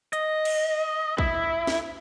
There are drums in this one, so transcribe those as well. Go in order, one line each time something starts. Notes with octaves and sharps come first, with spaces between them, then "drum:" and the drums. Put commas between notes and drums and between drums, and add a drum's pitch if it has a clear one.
D#5, drum: hi-hat
drum: cymbal
E4, drum: kick
drum: snare